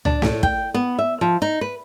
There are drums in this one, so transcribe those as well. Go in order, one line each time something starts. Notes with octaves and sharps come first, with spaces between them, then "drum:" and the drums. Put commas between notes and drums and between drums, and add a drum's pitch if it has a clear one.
D4, drum: tom C#2
A2, drum: snare
G5, drum: kick
B3
E5
F3
D#4
B4